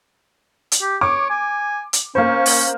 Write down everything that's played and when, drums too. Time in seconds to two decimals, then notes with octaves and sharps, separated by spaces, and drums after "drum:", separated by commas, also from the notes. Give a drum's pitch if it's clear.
0.72 drum: hi-hat
0.81 G4
1.01 C#5 D6
1.30 G#5
1.93 drum: hi-hat
2.15 A#3 C#4 C5
2.46 drum: open hi-hat